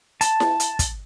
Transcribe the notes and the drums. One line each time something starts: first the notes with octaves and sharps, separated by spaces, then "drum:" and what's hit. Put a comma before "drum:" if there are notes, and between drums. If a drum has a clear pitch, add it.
A5, drum: hi-hat
drum: snare E4
drum: hi-hat
drum: kick, hi-hat